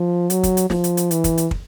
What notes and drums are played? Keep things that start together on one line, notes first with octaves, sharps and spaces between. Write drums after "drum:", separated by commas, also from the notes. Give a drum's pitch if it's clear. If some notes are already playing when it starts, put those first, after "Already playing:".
Already playing: F3
F#3, drum: hi-hat
drum: kick, hi-hat
drum: hi-hat
F3, drum: snare
drum: hi-hat
drum: hi-hat
E3, drum: hi-hat
drum: kick, hi-hat
drum: hi-hat
drum: kick